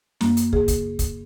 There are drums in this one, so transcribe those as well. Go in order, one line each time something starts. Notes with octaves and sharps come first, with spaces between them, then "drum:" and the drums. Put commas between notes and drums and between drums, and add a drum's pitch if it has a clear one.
F#2 A#3, drum: snare
drum: hi-hat
C#3 G#4, drum: kick
drum: kick, hi-hat
drum: kick, hi-hat